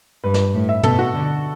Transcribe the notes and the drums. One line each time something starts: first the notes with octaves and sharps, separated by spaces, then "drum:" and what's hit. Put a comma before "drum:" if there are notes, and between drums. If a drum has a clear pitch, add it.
G2 B4
drum: snare
A2
E5
B2 A4, drum: tom
F#4
D3